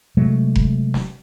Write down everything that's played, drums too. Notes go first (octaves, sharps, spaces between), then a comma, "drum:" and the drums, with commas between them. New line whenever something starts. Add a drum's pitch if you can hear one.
C3 F#3 G#3 A3
drum: kick F1
drum: snare